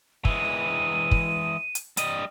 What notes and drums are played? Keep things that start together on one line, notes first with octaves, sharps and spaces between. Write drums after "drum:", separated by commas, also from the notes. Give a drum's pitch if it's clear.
E3 G#3 D#7, drum: kick
drum: kick
drum: hi-hat
G3 D#5, drum: hi-hat